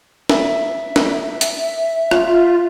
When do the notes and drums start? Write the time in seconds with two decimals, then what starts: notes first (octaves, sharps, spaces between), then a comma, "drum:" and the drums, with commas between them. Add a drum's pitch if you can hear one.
0.29 E5, drum: snare
0.96 drum: snare
1.41 drum: hi-hat
2.11 F4, drum: rim click